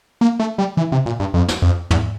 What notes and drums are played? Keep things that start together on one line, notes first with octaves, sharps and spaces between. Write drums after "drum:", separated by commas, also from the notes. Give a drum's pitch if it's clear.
A#3
A3
G3
E3
C3
A#2
G2
F2
drum: snare
F2
E2, drum: tom